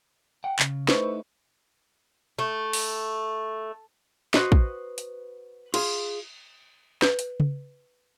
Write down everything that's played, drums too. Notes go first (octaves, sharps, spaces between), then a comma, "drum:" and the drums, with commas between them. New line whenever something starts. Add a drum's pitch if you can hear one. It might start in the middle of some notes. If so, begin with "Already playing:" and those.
F#5 G5
C#3, drum: clap
A3 D#4 E4 B4 C5 C#6, drum: snare
A3
drum: open hi-hat
F#4 B4 C5 D#5, drum: snare
drum: kick
drum: hi-hat
F4 G#4, drum: cymbal
B4, drum: snare
drum: hi-hat
drum: tom C#3